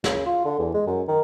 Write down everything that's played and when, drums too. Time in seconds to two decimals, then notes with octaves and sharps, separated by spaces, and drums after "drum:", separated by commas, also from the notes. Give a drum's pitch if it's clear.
0.04 C#3, drum: snare
0.26 F4
0.45 D3
0.59 E2
0.74 G#3
0.87 F#2
1.08 D#3